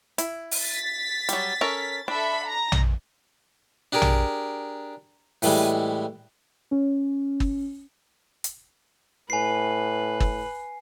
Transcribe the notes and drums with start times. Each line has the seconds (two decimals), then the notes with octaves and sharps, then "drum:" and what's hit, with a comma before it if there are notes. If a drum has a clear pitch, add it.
0.18 E4, drum: hi-hat
0.51 drum: open hi-hat
0.61 A6 B6
1.29 F#3 G3, drum: hi-hat
1.61 C#4 A4 A#4
2.08 D4 A4 E5 B5
2.46 A#5 A#6
2.72 drum: tom A#1
3.92 D4 G4 G#4 A#4
4.02 drum: tom A#1
5.42 A2 E3 G3 G#3, drum: open hi-hat
6.71 C#4
7.40 drum: kick G1
8.44 drum: hi-hat
9.30 A2 B4 G#5 C7
10.20 drum: kick G1